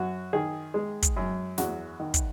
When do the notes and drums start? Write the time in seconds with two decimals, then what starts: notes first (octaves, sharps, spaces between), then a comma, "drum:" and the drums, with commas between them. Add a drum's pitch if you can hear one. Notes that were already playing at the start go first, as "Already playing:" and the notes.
Already playing: F#2 F#4
0.33 D#3 G#4
0.74 G#3
1.02 drum: kick, hi-hat
1.17 F#2
1.58 E2 F#4, drum: snare
2.00 D#3
2.14 drum: kick, hi-hat